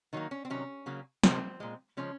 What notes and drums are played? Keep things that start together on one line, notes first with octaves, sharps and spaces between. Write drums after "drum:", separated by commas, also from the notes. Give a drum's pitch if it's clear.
D#3 F#3 A#3 D#4
C#4
C4
C3 D#3 F#3 C#4
C#3 F#3 A#3
C3 F3 G#3 C4, drum: snare
A#2 G#3
C#3 F3 G#3 C#4